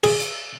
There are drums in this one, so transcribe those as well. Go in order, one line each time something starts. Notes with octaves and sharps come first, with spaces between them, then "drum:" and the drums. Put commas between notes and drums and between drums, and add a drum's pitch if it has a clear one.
G#4, drum: cymbal
drum: hi-hat